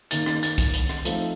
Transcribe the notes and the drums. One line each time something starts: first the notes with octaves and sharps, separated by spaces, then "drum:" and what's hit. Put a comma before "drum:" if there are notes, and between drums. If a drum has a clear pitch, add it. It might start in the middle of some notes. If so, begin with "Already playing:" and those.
D#3 A#3 D#4 A6, drum: hi-hat
A6, drum: rim click
A6, drum: hi-hat
drum: kick, hi-hat
drum: hi-hat
drum: rim click
F3 A3 C4 D#4, drum: hi-hat